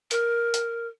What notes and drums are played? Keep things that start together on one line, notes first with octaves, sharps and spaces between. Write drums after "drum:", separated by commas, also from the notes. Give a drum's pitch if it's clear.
A#4, drum: hi-hat
drum: hi-hat